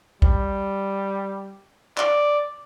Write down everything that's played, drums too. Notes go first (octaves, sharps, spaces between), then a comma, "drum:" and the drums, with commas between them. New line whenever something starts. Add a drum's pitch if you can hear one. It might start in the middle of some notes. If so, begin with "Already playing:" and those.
G3, drum: kick
D5, drum: clap